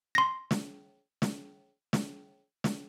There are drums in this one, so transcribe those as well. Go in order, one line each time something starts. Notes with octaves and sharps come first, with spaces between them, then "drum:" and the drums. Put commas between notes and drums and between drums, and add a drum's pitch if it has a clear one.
C6 A#6
drum: snare
drum: snare
drum: snare
drum: snare